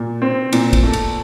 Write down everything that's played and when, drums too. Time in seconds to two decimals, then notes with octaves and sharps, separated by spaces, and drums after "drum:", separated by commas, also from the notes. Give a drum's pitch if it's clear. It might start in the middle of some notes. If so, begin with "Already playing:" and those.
Already playing: A#2
0.22 C4
0.53 A#2, drum: cymbal
0.73 drum: kick, cymbal
0.83 A3
0.93 drum: cymbal